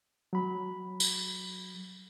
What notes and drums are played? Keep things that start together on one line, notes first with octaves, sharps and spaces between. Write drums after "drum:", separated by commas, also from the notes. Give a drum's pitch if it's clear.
F#3 B5
drum: tambourine